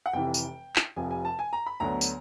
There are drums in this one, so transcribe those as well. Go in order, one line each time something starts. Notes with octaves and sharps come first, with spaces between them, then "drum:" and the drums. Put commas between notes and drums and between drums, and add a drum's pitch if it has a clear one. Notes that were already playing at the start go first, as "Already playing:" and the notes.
F#5
F1 F2 C3 E3 G5
drum: tambourine
drum: clap
F1 F2 C3 F3 G#5
G#5
A5
G#5
A#5
B5
D2 D3 F#3 B3 A#5
drum: tambourine